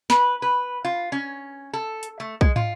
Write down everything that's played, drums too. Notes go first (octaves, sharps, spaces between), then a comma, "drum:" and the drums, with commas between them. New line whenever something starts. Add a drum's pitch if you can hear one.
B4, drum: snare
B4
F4
C#4
A4
drum: hi-hat
A3
G#3, drum: kick B1
F4, drum: tom